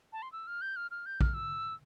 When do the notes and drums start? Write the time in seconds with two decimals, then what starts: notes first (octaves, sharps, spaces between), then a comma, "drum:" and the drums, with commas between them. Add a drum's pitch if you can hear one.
0.13 A5
0.22 C6
0.32 E6
0.47 F6
0.61 G6
0.76 F6
0.91 F6
1.06 G6
1.21 F6, drum: kick
1.34 E6